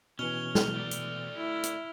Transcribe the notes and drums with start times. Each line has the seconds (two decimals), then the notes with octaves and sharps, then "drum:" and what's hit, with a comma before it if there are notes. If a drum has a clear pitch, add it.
0.19 B2 E3 C#4 F6 F7 G7
0.55 drum: snare
0.74 A3 D5
0.91 drum: hi-hat
1.36 E4
1.64 drum: hi-hat